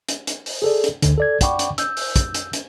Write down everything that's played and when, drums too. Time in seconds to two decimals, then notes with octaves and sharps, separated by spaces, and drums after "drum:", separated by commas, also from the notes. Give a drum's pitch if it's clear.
0.09 drum: hi-hat
0.27 drum: hi-hat
0.46 drum: open hi-hat
0.62 G#4 A4 D5
0.84 drum: hi-hat
1.02 A1 D2 D3, drum: hi-hat
1.18 A4 D5 G#6
1.41 D5 F#5 G5 B5 C#6 D6, drum: kick, hi-hat
1.59 drum: hi-hat
1.78 E6 G6, drum: hi-hat
1.97 drum: open hi-hat
2.16 drum: kick, hi-hat
2.34 drum: hi-hat
2.53 drum: hi-hat